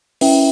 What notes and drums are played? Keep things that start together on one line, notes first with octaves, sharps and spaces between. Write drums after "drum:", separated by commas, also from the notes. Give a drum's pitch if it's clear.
C#4 E4 B4 E5 G5, drum: open hi-hat